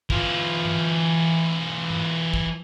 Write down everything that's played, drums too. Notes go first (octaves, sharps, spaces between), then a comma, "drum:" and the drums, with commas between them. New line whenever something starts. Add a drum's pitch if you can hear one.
E3 F4, drum: kick
drum: tom G#2
drum: tom G#2
drum: kick